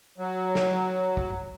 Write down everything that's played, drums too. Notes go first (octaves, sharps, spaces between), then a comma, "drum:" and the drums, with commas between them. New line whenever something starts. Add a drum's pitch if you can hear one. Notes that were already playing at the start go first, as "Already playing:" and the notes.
F#3
drum: snare
drum: kick